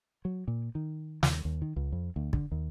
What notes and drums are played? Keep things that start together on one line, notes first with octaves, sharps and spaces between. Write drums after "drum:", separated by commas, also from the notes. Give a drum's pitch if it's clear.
F#3
A#2
D#3
D#2, drum: snare
D#2
D#3
C#2
F2
D2
D3, drum: kick
D#2